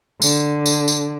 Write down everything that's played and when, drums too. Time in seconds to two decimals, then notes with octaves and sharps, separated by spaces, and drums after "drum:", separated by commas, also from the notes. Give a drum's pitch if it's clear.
0.22 D3, drum: tambourine
0.66 drum: tambourine
0.88 drum: tambourine